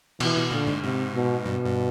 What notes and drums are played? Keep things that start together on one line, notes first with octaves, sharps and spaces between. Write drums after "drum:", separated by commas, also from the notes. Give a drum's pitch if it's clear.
B2 E3, drum: cymbal
B2
A#2 D3
G#2
G#2 C3
B2
G2 B2
G2